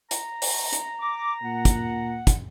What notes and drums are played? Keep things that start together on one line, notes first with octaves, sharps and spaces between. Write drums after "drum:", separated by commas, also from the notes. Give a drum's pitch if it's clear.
A#5, drum: hi-hat
drum: open hi-hat
drum: hi-hat
D6
A#2 F#5
drum: kick, hi-hat
drum: kick, hi-hat